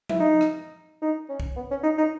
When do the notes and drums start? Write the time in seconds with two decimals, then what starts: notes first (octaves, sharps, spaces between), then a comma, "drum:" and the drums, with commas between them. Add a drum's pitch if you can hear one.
0.09 E4, drum: tom F3
0.20 D#4
0.41 drum: rim click
1.02 D#4
1.29 C#4
1.40 drum: kick
1.56 B3
1.71 C#4
1.83 D#4
1.98 D#4